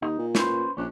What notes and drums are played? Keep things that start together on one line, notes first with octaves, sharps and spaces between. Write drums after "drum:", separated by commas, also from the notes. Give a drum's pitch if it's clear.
D#2 D#4
A#2
C#4 B4 C5, drum: snare
A#1 C#4 D4